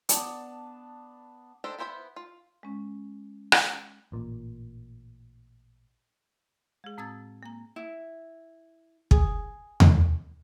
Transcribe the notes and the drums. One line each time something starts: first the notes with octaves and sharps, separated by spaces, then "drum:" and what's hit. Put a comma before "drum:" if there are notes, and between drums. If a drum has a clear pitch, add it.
B3 D4 A5, drum: hi-hat
D4 D#4 G4 A4 C5
B3 E4 C5 G#5 B5
F4
G#3 C#4
drum: rim click
A1 A#2
G#3 G#4
A2 C4 D#6 E6 G#6 A6
A#3 A#5
E4
G#4, drum: kick
drum: tom E2